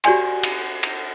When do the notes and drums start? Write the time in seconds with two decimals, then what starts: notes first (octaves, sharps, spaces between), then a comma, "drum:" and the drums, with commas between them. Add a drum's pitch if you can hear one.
0.04 F#4 G4 C#5 D5 G#5 C6, drum: cymbal
0.43 drum: cymbal
0.83 drum: cymbal